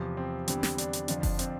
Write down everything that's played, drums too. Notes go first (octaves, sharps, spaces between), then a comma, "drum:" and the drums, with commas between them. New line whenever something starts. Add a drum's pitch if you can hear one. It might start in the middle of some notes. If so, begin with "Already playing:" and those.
Already playing: E2 C3 F3
C4
E2 D3 G3 C4, drum: hi-hat
drum: snare
D4, drum: hi-hat
drum: hi-hat
F2 D3 F3 D4, drum: hi-hat
D4, drum: kick F#1, open hi-hat
C4, drum: hi-hat